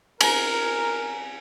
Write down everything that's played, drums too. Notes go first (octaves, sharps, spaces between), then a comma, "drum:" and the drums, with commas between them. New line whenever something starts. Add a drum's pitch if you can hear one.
A#4 G#5 A#5, drum: cymbal